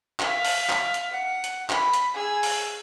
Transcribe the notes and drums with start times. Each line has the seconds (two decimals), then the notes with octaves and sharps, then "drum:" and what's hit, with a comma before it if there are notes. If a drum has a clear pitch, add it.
0.20 E5 F5, drum: clap
0.45 drum: open hi-hat
0.69 drum: clap
0.94 drum: hi-hat
1.11 F#5
1.44 drum: hi-hat
1.70 B5, drum: clap
1.93 drum: hi-hat
2.14 G#4 E6
2.43 drum: open hi-hat